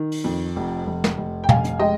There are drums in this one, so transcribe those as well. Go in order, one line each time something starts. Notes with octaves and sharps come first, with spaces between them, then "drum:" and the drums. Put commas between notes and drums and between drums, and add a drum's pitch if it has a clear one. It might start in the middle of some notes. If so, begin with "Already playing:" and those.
Already playing: D#3
drum: open hi-hat
F2
F1
F1
drum: snare
F1
G5
F1 F5 G#5, drum: tom B2
drum: hi-hat
G#3 D#5 G5